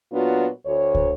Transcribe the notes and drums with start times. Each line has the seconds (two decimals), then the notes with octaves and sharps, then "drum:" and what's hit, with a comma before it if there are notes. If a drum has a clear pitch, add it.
0.13 A#2 F#3 B3 D4 F4 F#4
0.66 D2 C#5
0.95 drum: kick